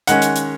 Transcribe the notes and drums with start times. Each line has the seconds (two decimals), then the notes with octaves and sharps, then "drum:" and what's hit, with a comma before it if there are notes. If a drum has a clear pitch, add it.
0.07 D#3 G#3 C#4 F#5, drum: hi-hat
0.22 drum: hi-hat
0.36 drum: hi-hat